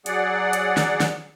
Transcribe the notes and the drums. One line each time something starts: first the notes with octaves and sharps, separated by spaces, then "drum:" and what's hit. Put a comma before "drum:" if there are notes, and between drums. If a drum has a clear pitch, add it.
F#3 G#4 D5 F#5, drum: hi-hat
drum: hi-hat
drum: snare
drum: snare